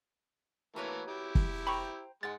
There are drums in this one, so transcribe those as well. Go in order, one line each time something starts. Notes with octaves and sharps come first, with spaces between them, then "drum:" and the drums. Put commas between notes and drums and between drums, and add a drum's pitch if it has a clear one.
E3 A3 A#3 F#4 B4 C#5
E4 G4
drum: kick
C5 G5 A#5 B5 C#6
G#2 G#3 F#5 A6